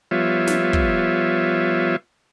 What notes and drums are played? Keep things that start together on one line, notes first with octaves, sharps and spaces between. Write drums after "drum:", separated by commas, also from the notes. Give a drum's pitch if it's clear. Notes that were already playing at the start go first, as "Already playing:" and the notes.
F3 G3 B3 F4 C#5 E5
drum: snare
drum: kick